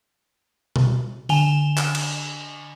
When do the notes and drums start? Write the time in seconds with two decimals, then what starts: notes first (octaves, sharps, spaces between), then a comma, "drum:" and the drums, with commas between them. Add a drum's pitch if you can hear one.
0.76 drum: tom B2
1.29 D3 G#5 E7 F7 G7, drum: open hi-hat
1.78 drum: clap
1.95 drum: cymbal